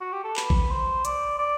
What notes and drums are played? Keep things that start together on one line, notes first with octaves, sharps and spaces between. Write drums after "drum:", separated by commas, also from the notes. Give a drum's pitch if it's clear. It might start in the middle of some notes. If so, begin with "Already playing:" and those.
F#4
G4
A4
B4, drum: clap
drum: kick A1
C5
D5, drum: hi-hat
D5